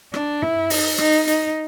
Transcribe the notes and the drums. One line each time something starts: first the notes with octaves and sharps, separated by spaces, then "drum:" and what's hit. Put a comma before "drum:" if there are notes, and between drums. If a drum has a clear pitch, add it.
D4, drum: rim click
E4, drum: tom
D#4, drum: open hi-hat
D#4, drum: rim click
D#4, drum: hi-hat